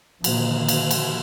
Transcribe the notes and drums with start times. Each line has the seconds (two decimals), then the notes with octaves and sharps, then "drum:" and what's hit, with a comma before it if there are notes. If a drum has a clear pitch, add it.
0.24 A#2 D3 D#3 F3 A#3, drum: cymbal
0.68 drum: cymbal
0.91 drum: cymbal